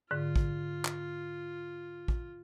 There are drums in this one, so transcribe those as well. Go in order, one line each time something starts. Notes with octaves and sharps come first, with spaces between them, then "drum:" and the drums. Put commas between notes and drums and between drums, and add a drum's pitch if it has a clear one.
G#2 D3 F4
drum: kick
drum: clap
drum: kick